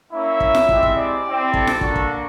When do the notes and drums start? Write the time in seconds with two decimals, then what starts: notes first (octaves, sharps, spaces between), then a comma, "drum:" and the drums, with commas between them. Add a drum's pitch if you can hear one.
0.12 A#3 C#4 E4 E5
0.40 drum: kick
0.55 drum: snare
0.69 G#3 C4 E4 G4, drum: kick
0.83 drum: kick
0.96 D5
1.25 C4 E4 G4
1.54 A4, drum: kick
1.67 drum: snare
1.81 A#3 D4 F#4, drum: kick
1.96 drum: kick